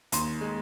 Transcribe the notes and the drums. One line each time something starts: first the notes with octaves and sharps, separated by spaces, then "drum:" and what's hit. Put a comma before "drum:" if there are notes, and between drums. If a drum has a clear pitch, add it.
D#2 C6, drum: hi-hat
G#3